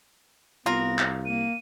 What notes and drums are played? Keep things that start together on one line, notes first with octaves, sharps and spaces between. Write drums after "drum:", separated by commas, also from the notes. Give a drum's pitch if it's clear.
C2 B3 F4 A#4 A#6
drum: clap
A#3 D#7